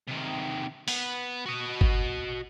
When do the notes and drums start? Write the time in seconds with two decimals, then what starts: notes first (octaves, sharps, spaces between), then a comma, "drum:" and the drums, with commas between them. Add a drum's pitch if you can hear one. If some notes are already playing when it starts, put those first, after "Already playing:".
0.08 C3 D#3
0.88 B3 B4, drum: open hi-hat
1.46 F#4 D#5
1.81 drum: kick